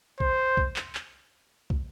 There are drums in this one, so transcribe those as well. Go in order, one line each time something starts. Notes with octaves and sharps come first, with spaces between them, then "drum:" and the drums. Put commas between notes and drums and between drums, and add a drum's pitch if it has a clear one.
C5, drum: kick
drum: kick
drum: clap
drum: clap
drum: kick